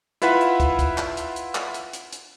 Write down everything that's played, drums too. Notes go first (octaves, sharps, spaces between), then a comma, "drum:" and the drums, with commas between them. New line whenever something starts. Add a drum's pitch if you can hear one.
E4 F4 B4 E5 F#5 B5, drum: hi-hat
drum: hi-hat
drum: kick, hi-hat
drum: kick, hi-hat
drum: clap
drum: hi-hat
drum: hi-hat
drum: clap
drum: hi-hat
drum: hi-hat
drum: hi-hat